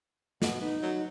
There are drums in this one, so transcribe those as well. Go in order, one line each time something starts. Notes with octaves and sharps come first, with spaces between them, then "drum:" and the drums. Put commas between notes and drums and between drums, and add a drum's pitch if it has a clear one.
B2, drum: snare
B3 D#4
F#3